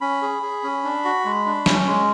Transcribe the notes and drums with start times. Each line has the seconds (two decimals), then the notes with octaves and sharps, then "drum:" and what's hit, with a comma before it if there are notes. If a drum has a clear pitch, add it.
0.01 C#4 B5
0.22 G#4
0.43 G#4
0.64 C#4
0.84 D4
1.05 F#4
1.25 G#3
1.46 D4
1.66 C#4, drum: snare
1.87 G#3